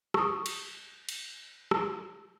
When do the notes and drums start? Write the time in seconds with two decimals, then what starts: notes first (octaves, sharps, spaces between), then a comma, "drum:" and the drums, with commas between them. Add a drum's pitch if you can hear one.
0.14 C#6 D#6, drum: rim click
0.46 drum: cymbal
1.09 drum: cymbal
1.71 drum: rim click